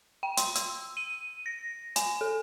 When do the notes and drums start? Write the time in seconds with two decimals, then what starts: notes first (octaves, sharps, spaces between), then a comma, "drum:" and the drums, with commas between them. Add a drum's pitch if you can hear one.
0.23 G5
0.37 C6, drum: hi-hat
0.55 E6, drum: hi-hat
0.97 D#7
1.46 A#6
1.96 G#5, drum: hi-hat
2.21 A4